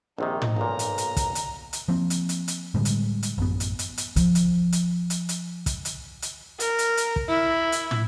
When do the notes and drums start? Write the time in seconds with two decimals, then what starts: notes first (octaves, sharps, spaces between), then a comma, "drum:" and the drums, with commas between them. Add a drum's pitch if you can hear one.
0.18 A#1 C3 D#3 D#4
0.42 drum: tom
0.56 B1 A#2 A#5
0.79 drum: hi-hat
0.98 drum: hi-hat
1.16 drum: kick, hi-hat
1.35 drum: hi-hat
1.73 drum: hi-hat
1.88 F3 A#3 C4
2.10 drum: hi-hat
2.29 drum: hi-hat
2.48 drum: hi-hat
2.74 A2 D3 G3 G#3
2.85 drum: hi-hat
3.23 drum: hi-hat
3.38 A1 F#2 B3
3.60 drum: hi-hat
3.79 drum: hi-hat
3.98 drum: hi-hat
4.16 F3, drum: kick, hi-hat
4.35 drum: hi-hat
4.72 drum: hi-hat
5.10 drum: hi-hat
5.29 drum: hi-hat
5.66 drum: kick, hi-hat
5.85 drum: hi-hat
6.22 drum: hi-hat
6.60 A#4, drum: hi-hat
6.79 drum: hi-hat
6.97 drum: hi-hat
7.16 drum: kick
7.29 E4
7.72 drum: hi-hat
7.91 drum: tom